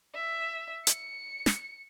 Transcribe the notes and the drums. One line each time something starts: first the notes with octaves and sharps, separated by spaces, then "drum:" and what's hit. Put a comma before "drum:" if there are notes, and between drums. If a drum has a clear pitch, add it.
E5
C#7, drum: hi-hat
drum: snare